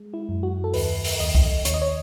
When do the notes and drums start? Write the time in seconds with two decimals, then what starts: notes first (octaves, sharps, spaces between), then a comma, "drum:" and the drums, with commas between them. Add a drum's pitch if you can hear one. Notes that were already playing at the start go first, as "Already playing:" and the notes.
Already playing: G#3
0.14 E4
0.29 F#2
0.43 F#4
0.64 A4
0.74 D#2 B4, drum: open hi-hat
1.04 drum: open hi-hat
1.20 D#2 D#5
1.35 drum: kick C2
1.65 D#2 C#5, drum: hi-hat
1.74 D#5
1.82 C#5